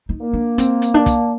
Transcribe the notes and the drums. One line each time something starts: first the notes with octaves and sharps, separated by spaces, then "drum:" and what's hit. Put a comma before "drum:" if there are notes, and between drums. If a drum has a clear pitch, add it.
D#4
A#3
D4
C4, drum: hi-hat
drum: hi-hat
D4
drum: kick, hi-hat